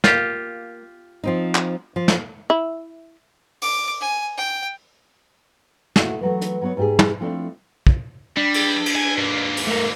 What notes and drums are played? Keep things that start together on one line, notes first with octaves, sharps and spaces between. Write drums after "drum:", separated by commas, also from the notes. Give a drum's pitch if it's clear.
A#3 F4 G4, drum: snare
F3 C4 D#4
drum: clap
F3
drum: snare
E4
D6, drum: open hi-hat
G#5
G5
A3 E4 F#4 E5, drum: snare
E3 F#3 A3
drum: hi-hat
F#3 B3 C#5
G#2 G4 G#4
drum: tom
F3 A3 C4 D4 E4
drum: kick
G3 D4
drum: cymbal
drum: cymbal
G#5
G#2 A#3
drum: open hi-hat
A3 A#4